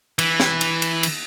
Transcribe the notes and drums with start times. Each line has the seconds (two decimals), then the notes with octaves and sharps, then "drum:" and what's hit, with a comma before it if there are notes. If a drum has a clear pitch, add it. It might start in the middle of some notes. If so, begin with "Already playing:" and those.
0.19 E3, drum: cymbal
0.40 drum: snare
0.61 drum: cymbal
0.82 drum: cymbal
1.03 drum: cymbal